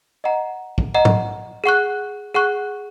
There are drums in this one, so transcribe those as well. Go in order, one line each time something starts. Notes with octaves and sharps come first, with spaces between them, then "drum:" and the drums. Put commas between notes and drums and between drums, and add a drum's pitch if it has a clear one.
D#5 F#5 A#5
drum: kick
D#5 F#5 A#5
drum: tom G#2
G#4 F#5 C#6 F#6
G#4 F#5 C#6 F#6